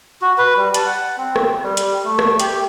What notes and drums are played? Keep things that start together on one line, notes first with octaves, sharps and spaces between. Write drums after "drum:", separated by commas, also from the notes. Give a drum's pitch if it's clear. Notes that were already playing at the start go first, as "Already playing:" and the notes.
F#4
B4
G3
A5, drum: hi-hat
F#5
C4
drum: rim click
G3
drum: hi-hat
A3
drum: rim click
G4, drum: hi-hat